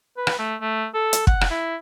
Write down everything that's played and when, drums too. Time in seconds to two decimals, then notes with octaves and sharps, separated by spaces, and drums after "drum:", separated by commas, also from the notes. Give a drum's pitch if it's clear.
0.17 B4
0.27 drum: rim click
0.39 A3
0.61 A3
0.94 A4
1.13 drum: hi-hat
1.27 F#5, drum: kick
1.41 drum: rim click
1.51 E4